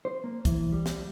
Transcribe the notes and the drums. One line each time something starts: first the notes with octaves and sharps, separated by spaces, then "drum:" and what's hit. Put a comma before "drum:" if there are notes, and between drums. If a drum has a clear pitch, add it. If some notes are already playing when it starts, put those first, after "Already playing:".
C5
A#3
E3, drum: kick, hi-hat
G3
drum: snare